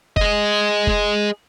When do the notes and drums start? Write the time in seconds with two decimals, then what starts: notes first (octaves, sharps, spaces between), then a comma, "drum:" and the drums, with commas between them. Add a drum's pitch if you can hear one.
0.17 G#4 D#5, drum: kick F1
0.87 drum: kick F1